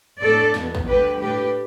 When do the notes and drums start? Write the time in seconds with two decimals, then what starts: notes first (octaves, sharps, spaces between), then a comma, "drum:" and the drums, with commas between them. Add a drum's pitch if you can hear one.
0.21 A2 A3 D4 A4 D5
0.54 E2 B2 B3, drum: snare
0.75 drum: kick
0.86 D2 D3 G3 G4 B4
1.19 A2 A3 D4 G4 B4